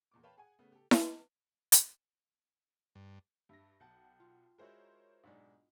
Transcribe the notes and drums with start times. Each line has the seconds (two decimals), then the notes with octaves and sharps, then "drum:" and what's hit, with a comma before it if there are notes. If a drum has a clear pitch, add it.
0.11 E2 A#2 D6
0.23 B4 C#5 F5 G5 A5 B5
0.37 G#4 F#5 G#5
0.59 C#3 A3 B3
0.72 G4 A4
0.91 drum: snare E4
1.72 drum: hi-hat
2.95 G2
3.49 G2 E5 A#6
3.80 B1 F#5 G5 A5 G6
4.20 F4
4.58 G#3 E4 F#4 A#4 C5 C#5
5.24 B1 G#2 D4